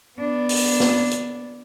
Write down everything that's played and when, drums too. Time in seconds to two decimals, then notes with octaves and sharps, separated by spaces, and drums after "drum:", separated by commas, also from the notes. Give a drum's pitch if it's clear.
0.18 B3 D4
0.49 drum: open hi-hat
0.80 drum: snare
1.11 drum: hi-hat